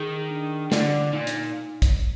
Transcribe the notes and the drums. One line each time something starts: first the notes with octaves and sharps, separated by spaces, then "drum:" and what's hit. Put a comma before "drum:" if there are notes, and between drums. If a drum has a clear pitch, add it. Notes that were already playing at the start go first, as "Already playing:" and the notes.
Already playing: D#3 G#4
D4
D3 D5, drum: snare
A#2 D#4
drum: hi-hat
drum: kick, hi-hat